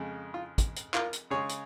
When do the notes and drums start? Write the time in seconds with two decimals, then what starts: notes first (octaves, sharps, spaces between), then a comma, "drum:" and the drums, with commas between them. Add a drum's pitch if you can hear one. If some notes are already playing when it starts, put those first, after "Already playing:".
Already playing: F2 C#3 G#3
0.34 F4
0.58 drum: kick, hi-hat
0.76 drum: hi-hat
0.94 F4 A#4, drum: clap
1.13 drum: hi-hat
1.30 C#3 G#3 G#4 C#5
1.49 drum: hi-hat